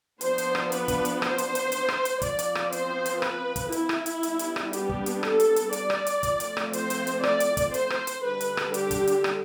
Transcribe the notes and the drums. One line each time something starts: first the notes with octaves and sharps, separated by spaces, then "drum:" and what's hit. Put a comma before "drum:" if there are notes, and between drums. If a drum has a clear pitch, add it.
F3 B3 D4 C5, drum: hi-hat
drum: hi-hat
drum: rim click
B4, drum: hi-hat
drum: kick, hi-hat
drum: hi-hat
C5, drum: rim click
drum: hi-hat
drum: hi-hat
drum: hi-hat
drum: rim click
drum: hi-hat
F3 C4 D5, drum: kick, hi-hat
drum: hi-hat
drum: rim click
C5, drum: hi-hat
drum: hi-hat
B4, drum: rim click
drum: kick, hi-hat
E4, drum: hi-hat
drum: rim click
drum: hi-hat
G3 B3 D4, drum: hi-hat
drum: hi-hat
drum: rim click
G4, drum: hi-hat
drum: kick
drum: hi-hat
A4, drum: rim click
drum: hi-hat
drum: hi-hat
D5, drum: hi-hat
drum: rim click
drum: hi-hat
F3 A3 C4, drum: kick, hi-hat
drum: hi-hat
drum: rim click
C5, drum: hi-hat
drum: hi-hat
drum: hi-hat
D5, drum: rim click
drum: hi-hat
drum: kick, hi-hat
C5, drum: hi-hat
drum: rim click
drum: hi-hat
D3 G3 D4 B4
drum: hi-hat
drum: rim click
G4, drum: hi-hat
drum: kick, hi-hat
drum: hi-hat
drum: rim click